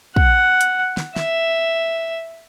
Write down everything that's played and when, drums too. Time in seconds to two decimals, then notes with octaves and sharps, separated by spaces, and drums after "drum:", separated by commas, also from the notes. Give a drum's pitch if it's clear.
0.16 F#5, drum: kick
0.61 drum: hi-hat
0.97 drum: snare
1.16 E5, drum: snare